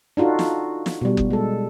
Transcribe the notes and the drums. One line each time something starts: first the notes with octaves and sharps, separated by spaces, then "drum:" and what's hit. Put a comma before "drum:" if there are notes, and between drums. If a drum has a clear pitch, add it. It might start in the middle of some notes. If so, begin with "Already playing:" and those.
D4 D#4 F4 F#4 A4
drum: snare
drum: snare
B2 G3
drum: kick F#1
G#3 A4